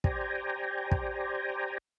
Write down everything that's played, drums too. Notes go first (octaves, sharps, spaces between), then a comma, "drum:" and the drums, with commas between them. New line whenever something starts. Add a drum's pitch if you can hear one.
G4 C5 D5 G5 G#5 A#5, drum: kick
drum: kick